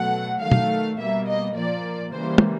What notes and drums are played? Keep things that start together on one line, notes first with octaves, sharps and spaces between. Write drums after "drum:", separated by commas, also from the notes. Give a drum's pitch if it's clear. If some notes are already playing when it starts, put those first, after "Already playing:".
Already playing: B2 F#3 A3 F#5
D#3 F#3 A3 F5
drum: tom
B2 G3 A#3 E5
D#5
A#2 F3 A#3 D5
C#3 E3 G3 A#3 C5
drum: tom